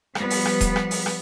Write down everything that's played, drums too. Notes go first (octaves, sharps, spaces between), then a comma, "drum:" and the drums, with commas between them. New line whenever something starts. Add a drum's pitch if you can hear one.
F3 G3 B3 B4, drum: rim click
drum: open hi-hat
drum: rim click
drum: kick D#1, hi-hat
drum: rim click
drum: open hi-hat
drum: rim click